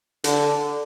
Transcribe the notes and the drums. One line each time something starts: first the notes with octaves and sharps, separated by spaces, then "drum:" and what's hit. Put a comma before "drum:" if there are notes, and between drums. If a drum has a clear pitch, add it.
D3, drum: hi-hat